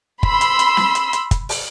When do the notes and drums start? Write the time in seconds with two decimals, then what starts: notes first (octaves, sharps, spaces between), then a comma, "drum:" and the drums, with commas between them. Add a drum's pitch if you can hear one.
0.23 B5 C6 E6, drum: kick
0.41 drum: hi-hat
0.59 drum: hi-hat
0.77 drum: snare
0.95 drum: hi-hat
1.13 drum: hi-hat
1.31 drum: kick, hi-hat
1.49 drum: open hi-hat